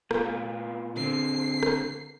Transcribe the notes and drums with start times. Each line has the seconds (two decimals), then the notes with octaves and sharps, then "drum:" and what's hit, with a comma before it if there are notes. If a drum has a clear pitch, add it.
0.11 A#2 B3 F4, drum: rim click
0.96 D3 C4 C7
1.63 drum: rim click